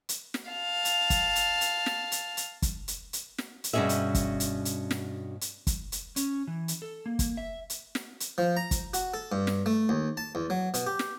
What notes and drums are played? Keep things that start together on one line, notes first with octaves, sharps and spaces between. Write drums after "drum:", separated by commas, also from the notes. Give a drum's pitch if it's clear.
drum: hi-hat
drum: snare
F5 A5
drum: hi-hat
drum: kick, hi-hat
drum: hi-hat
drum: hi-hat
drum: snare
drum: hi-hat
drum: hi-hat
drum: kick, hi-hat
drum: hi-hat
drum: hi-hat
drum: snare
drum: hi-hat
G2 B2 E3 C#4 G#4 E5
drum: hi-hat
drum: kick, hi-hat
drum: hi-hat
drum: hi-hat
drum: snare
drum: hi-hat
drum: kick, hi-hat
drum: hi-hat
C#4, drum: hi-hat
E3
drum: hi-hat
A4
A#3
drum: kick, hi-hat
E5
drum: hi-hat
drum: snare
drum: hi-hat
F3
A#5
drum: kick, hi-hat
F#4, drum: hi-hat
A4
G2
drum: snare
A3
D#2
A5
E2
F#3
B2, drum: hi-hat
G4
drum: snare